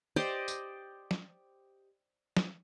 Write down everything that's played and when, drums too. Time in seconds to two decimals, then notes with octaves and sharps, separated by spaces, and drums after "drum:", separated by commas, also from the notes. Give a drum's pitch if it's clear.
0.16 G4 C5 D5 D#5
0.48 drum: tambourine
1.11 drum: snare
2.37 drum: snare